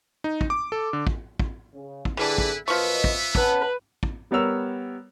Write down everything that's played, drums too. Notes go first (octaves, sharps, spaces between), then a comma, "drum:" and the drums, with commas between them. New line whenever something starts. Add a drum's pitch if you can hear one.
D#4
drum: kick
D6
A4
D3
drum: kick
drum: kick
C#3
drum: kick
D3 E3 G3 D4 E4 G#4 B4
drum: kick
F#2 F3 B3 B4 D#5 E5 C#6
drum: kick
C#4 B4 F#5 A5, drum: kick
drum: kick
G3 B3 A#4 C#5 E6 F7